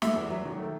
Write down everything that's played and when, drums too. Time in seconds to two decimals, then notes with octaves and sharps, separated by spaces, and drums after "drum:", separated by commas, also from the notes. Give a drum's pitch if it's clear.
0.02 A3 E5, drum: snare
0.16 E2
0.30 F#3
0.45 D#3
0.59 A3